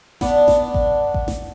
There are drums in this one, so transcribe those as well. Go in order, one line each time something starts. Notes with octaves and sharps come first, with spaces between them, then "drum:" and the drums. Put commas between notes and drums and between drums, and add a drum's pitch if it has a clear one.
B3 D4, drum: snare A1
drum: snare A1
drum: kick A1
drum: kick A1
drum: snare A1